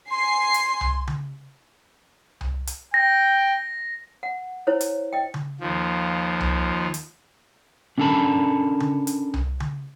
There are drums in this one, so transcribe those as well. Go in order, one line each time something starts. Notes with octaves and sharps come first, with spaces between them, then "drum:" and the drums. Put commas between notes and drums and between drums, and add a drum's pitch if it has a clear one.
G#5 C6 C7
drum: hi-hat
drum: tom C2
drum: tom C#3
drum: tom C2
drum: hi-hat
G5 A#6
F#5
E4 C5 C#5
drum: hi-hat
D#5 G5
drum: tom C#3
D#2 F3
drum: tom C2
drum: hi-hat
C#4 D4 A4 A#4 A5 B5
drum: tom C#3
drum: hi-hat
drum: tom C2
drum: tom C#3